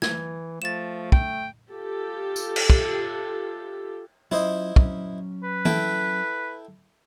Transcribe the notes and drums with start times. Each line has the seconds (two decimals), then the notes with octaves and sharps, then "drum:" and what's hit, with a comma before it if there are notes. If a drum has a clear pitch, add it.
0.02 E3 G#6, drum: snare
0.62 F3 A3 A6 E7
1.12 G5, drum: kick
1.72 F4 G4 A4
2.36 drum: tambourine
2.56 drum: cymbal
2.70 drum: kick
4.31 F#3 C#4 E4 F4 C5 D#5
4.76 F#3 C#4, drum: kick
5.43 B4
5.65 E4 A4 G5, drum: tom E3